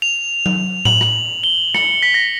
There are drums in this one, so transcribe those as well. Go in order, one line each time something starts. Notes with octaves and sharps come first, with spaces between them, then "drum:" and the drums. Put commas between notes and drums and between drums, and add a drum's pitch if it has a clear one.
F7
drum: tom F#3
F#7, drum: tom A2
drum: rim click
G7
C#7, drum: rim click
B6
A#6